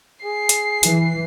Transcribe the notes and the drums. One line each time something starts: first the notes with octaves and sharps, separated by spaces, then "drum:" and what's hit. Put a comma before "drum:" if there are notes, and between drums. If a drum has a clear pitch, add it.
G#4 C7
drum: hi-hat
E3, drum: hi-hat